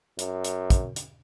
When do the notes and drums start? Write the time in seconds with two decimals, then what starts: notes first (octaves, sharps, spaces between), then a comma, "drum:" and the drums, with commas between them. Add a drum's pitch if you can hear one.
0.19 F#2, drum: hi-hat
0.45 drum: hi-hat
0.70 drum: kick, hi-hat
0.96 drum: hi-hat